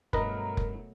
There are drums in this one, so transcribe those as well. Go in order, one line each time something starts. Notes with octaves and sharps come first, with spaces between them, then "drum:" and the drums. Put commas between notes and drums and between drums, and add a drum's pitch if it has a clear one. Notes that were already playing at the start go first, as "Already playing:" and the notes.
G2 B2 F#3 A3 A#4 B4 D#5, drum: kick F1
drum: kick F1